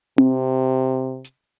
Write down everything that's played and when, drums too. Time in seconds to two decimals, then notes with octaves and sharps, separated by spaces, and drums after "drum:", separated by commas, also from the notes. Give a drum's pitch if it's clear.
0.18 C3, drum: tom C4
1.24 drum: hi-hat